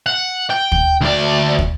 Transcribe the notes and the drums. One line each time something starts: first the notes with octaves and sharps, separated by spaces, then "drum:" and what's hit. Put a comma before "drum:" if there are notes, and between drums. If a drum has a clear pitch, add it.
F#5
G5
drum: kick
D2 D5
drum: kick